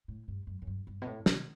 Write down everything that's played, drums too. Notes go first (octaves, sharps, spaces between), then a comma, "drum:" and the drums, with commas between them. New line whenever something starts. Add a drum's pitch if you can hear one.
A2
G2
F#2
F#2
G2
G2
B2
A2
C3, drum: snare